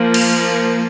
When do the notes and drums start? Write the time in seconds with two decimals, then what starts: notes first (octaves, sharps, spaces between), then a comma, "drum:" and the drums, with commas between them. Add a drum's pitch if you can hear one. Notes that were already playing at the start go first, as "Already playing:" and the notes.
Already playing: F3 A#3
0.14 drum: cymbal